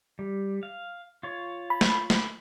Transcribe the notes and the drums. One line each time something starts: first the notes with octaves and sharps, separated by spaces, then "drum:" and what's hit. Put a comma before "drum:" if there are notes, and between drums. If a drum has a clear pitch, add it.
G3
F5
F4 C#5
B5
drum: snare
drum: snare